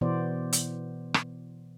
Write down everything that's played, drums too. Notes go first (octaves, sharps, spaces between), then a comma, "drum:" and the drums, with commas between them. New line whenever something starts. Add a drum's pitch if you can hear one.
B2 E3 B3 C5 D5
drum: hi-hat
drum: rim click